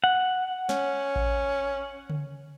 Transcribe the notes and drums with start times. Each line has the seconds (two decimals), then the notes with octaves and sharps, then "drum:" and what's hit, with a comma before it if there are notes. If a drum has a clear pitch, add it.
0.04 F#5
0.69 C#4, drum: snare
1.16 drum: kick A1
2.10 drum: tom C#3